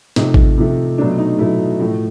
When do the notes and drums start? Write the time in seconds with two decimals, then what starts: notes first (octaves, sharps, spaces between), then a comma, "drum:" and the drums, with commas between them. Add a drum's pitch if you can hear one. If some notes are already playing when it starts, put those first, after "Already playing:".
0.16 C3 F3 A3 D#4, drum: snare
0.34 drum: kick G#1
0.58 C3 F3 A3
0.98 B2 F#3 A3 D4
1.18 D#4
1.39 B2 F#3 A3 E4
1.80 A2 F3 A3